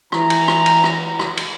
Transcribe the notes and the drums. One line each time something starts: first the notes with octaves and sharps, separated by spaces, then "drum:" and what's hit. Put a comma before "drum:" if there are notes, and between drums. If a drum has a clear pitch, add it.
E3 A#5, drum: rim click
drum: cymbal
drum: rim click
drum: cymbal
drum: rim click
drum: rim click
drum: cymbal